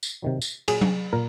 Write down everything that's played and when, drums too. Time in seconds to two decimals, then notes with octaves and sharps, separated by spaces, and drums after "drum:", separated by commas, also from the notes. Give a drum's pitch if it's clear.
0.03 drum: tambourine
0.22 C3 D#3 F#3
0.42 drum: tambourine
0.68 A#2 F#3 G#4, drum: cymbal
0.81 drum: tom F#3
1.13 A#2 A#4